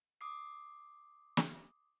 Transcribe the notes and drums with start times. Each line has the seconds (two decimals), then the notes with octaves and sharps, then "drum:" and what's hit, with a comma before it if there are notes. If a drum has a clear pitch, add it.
0.21 D6 D#6 C7
1.37 drum: snare